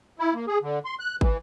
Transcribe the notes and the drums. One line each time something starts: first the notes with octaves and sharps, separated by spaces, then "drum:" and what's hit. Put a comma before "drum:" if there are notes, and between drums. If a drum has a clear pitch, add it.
E4
A#3
G#4
D3
C6
F#6
E3, drum: kick